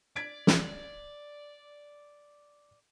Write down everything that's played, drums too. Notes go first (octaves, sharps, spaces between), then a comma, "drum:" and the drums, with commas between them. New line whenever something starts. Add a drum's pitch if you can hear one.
D5 G#6 B6 D7
drum: snare